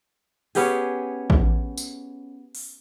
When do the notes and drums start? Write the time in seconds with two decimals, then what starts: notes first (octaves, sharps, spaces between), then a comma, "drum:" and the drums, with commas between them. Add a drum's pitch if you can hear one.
0.55 B3 C#4 G4 G#4, drum: open hi-hat
1.30 drum: kick A1
1.77 drum: tambourine
2.55 drum: open hi-hat